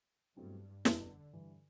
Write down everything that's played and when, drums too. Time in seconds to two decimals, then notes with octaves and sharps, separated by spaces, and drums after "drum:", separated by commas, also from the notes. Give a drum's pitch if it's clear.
0.37 G2 B2 F#3 A3 C4 E4
0.85 F#1 E2 B2 D3 G3, drum: snare
1.33 G2 E3 G3